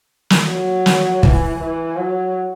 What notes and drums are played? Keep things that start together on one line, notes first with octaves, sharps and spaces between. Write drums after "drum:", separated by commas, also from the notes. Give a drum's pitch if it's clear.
drum: snare
F#3
drum: snare
E3, drum: kick
E3
F#3